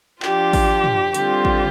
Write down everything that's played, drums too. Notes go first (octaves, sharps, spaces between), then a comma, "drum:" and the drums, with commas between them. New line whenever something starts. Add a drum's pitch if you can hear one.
F3 D4 F4 G4, drum: clap
drum: kick G#1, open hi-hat
drum: tom
D3 G3 C4 F4 G4, drum: hi-hat
drum: kick G#1